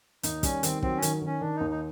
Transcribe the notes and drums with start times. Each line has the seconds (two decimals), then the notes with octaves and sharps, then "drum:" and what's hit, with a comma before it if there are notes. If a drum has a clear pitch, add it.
0.23 D#2 D#4, drum: hi-hat
0.43 G3 C#4, drum: kick, hi-hat
0.63 D#3 C4, drum: hi-hat
0.83 F#3 C4, drum: kick
0.97 C#4
1.02 D#3, drum: hi-hat
1.22 D#3 C#4
1.41 D#3 D4
1.56 D#2 D#4
1.70 D#4